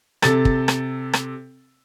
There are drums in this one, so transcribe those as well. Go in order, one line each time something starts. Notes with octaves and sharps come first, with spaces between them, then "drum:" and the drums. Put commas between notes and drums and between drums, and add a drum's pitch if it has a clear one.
C3 A4 A6, drum: rim click
drum: kick
drum: rim click
drum: rim click